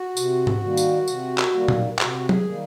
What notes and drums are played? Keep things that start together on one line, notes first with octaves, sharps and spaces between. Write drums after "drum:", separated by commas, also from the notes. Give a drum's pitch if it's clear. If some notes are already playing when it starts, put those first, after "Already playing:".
Already playing: F#4
C3, drum: tambourine
drum: tom G#2
D#3 G3 A#3
drum: tambourine
C3, drum: tambourine
drum: clap
D#3 G3 A#3
drum: tom A#2
C3 F#4, drum: clap
G#4, drum: tom F#3
D#3 G3 A#3